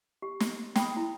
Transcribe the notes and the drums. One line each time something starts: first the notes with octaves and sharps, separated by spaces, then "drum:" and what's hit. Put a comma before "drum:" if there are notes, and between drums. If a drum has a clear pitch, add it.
G4
drum: snare
G5 B5 D#6, drum: snare
E4